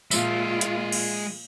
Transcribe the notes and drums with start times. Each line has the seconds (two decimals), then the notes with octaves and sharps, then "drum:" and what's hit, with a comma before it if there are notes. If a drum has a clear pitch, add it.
0.11 A#2 G#3 F4 E5, drum: tambourine
0.61 drum: hi-hat
0.92 drum: cymbal